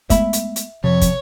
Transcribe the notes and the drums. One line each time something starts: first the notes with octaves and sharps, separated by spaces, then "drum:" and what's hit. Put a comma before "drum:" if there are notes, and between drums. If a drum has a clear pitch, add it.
G#3 A3 B3 E5 B5, drum: kick, hi-hat
drum: hi-hat
drum: hi-hat
F2 C3 C#5
drum: kick, hi-hat